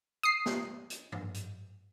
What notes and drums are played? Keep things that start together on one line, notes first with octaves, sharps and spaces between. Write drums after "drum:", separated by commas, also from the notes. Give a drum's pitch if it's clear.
D#6 C7
drum: snare
drum: hi-hat
drum: tom G2
drum: hi-hat